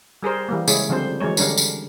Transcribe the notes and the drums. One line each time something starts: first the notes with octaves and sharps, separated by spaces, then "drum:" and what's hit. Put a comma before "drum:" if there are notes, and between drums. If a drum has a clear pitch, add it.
G3 G#4 A#4 C5
E3 G3 A#3
C#3 G#3 C#4 E4 G#4, drum: tambourine
D3 F3 G3 C4 C5
E3 F#3 G#3 C#5
D3 G3 C#4 D4 A#4, drum: tambourine
drum: tambourine